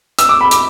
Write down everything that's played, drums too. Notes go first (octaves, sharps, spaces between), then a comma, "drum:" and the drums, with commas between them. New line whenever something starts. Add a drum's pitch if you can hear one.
E6, drum: hi-hat
D6
B5
D6, drum: hi-hat